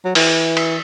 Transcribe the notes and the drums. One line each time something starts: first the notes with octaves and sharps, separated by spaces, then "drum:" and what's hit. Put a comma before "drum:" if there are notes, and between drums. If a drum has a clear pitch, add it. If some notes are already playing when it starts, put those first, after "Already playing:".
F#3
E3, drum: open hi-hat
drum: cymbal